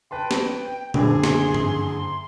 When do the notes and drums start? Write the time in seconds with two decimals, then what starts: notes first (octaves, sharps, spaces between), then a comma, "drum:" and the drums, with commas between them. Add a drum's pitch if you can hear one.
0.11 B4 G5 A5 C6
0.31 drum: snare
0.94 F#1 D3 G#4, drum: tom A#2
1.24 C6, drum: snare
1.55 drum: tom G2